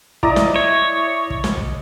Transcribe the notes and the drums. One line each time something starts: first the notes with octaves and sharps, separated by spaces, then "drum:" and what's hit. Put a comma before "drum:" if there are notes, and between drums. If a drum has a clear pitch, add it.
E4 D5 D#5 A#5 D6, drum: kick
drum: snare
C#5
drum: kick
drum: snare
drum: kick